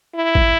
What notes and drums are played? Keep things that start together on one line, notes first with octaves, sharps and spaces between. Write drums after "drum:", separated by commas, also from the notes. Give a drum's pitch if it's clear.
E4
drum: kick A1